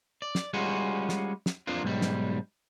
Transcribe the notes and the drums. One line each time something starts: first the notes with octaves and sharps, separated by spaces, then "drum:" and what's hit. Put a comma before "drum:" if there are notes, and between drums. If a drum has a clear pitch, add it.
D5
drum: snare
G3 G#3 C#4 F4 F#4
drum: snare
drum: snare
F2 F3 A#3 D4 F4
B1 G#2 G3
drum: snare